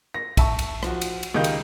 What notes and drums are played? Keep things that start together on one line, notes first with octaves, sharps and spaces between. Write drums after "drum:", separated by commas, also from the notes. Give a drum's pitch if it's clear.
A#6
E5 A5 C#6, drum: kick, cymbal
drum: cymbal
F3 F#4, drum: rim click
drum: cymbal
drum: cymbal
C#2 D#3 G4 D#5 F5 G6
drum: cymbal